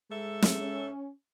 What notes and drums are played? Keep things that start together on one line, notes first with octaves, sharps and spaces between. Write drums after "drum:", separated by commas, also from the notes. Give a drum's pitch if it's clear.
G#2 G#3 A4 E5
drum: snare
C#4